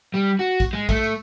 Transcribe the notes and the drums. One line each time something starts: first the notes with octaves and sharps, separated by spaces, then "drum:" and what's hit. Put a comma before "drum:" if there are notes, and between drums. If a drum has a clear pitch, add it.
G3
F#4
drum: kick, tambourine
G#3
A3, drum: kick, tambourine
drum: tambourine